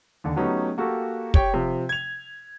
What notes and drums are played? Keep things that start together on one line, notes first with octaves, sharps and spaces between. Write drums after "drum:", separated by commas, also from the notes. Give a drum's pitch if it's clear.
D#2 D3
F#3 A3 B3 C#4 D#4 G4
A#3 F#4 G4 A4
G4 C#5 G5, drum: kick
C3 F3
G#6 F7